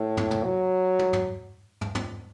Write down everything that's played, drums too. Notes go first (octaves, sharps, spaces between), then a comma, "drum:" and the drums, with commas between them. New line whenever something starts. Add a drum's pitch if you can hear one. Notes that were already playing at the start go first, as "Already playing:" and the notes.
Already playing: A2
drum: tom
drum: tom
F#3
drum: tom
drum: tom
drum: tom
drum: tom